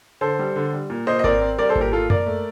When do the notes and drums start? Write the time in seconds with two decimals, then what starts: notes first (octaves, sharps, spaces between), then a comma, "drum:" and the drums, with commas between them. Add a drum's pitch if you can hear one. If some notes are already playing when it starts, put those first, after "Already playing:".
0.21 D3 A4 C5
0.39 G3
0.56 D3
0.73 G3
0.90 A#2
1.07 A#2 C5 D#5
1.19 D#5
1.24 C4 A#4 D5, drum: kick G#1
1.41 C4
1.58 G3 A#4 D5
1.69 A4 C5
1.75 A#2, drum: kick G#1
1.81 G4 A#4
1.92 A#3 F4 A4
2.10 A#3 A#4 D5, drum: tom F#2
2.26 A3